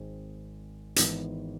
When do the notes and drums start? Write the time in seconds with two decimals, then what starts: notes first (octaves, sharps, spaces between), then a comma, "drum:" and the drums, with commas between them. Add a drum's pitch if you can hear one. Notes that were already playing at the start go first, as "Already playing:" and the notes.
Already playing: G#1 G#2 G#3 C4
0.96 G#1 G#2 E3 B3, drum: hi-hat